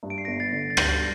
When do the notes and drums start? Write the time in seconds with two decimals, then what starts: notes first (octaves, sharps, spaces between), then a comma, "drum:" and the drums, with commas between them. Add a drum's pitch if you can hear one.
0.03 G2
0.10 D7
0.18 C7
0.25 G1 A#6 D7
0.40 A6 C7
0.52 D3
0.70 A6
0.77 G2 G6 A#6, drum: rim click